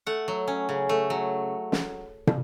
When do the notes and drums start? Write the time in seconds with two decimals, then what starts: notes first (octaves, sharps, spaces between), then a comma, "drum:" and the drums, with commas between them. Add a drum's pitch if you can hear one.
0.07 A3 F#5
0.28 F#3
0.48 C#4
0.69 C#3
0.89 A3
1.10 F#3
1.72 drum: snare
2.27 drum: tom